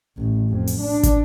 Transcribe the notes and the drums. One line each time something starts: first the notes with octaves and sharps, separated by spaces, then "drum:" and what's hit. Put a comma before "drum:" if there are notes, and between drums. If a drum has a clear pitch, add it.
A1
F2
drum: open hi-hat
D4
drum: kick, hi-hat